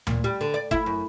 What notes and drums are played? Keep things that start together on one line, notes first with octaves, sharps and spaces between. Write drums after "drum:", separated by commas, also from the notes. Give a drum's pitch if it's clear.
A#2, drum: tom D2
G3
D3
D5
E4, drum: kick
F#2